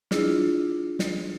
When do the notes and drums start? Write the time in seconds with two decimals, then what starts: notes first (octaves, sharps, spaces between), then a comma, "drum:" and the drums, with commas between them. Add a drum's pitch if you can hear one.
0.11 D4 E4 F4 G#4, drum: snare
0.99 drum: snare